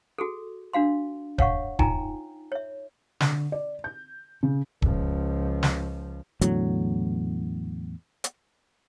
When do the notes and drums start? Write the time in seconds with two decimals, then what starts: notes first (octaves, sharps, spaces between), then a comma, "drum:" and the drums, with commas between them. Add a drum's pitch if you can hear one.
0.18 F#4 G#4 A4
0.73 D4 F#4 F5 C6
1.38 C#5 F5 F#5 C#6, drum: kick
1.79 D#4 F4 G5 G#5 A#5, drum: kick
2.52 C#5 E5
3.20 D3, drum: snare
3.52 D5
3.84 G6
4.43 C#3
4.82 C#2 F3, drum: kick
5.63 drum: snare
6.41 E2 A2 D3 F#3, drum: hi-hat
8.24 drum: hi-hat